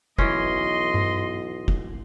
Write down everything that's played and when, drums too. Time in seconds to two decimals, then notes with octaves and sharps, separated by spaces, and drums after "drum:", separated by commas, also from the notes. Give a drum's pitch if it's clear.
0.19 B1 E3 C#4 D#5 C6, drum: kick
0.94 drum: tom G2
1.68 drum: kick